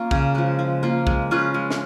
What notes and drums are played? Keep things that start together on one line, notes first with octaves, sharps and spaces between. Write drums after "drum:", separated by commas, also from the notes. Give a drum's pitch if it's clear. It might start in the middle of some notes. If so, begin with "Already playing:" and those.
Already playing: A#3 C#4 F4
C#3, drum: kick
F3 G#3
F3
A#3 F4
G#3, drum: kick
C#4 F4 B4
G#3
drum: snare